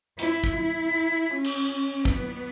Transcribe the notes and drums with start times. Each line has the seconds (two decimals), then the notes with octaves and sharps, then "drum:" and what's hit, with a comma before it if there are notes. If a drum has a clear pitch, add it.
0.19 E4, drum: hi-hat
0.44 drum: kick
0.57 E4
1.31 C#4
1.44 drum: cymbal
2.05 B3, drum: kick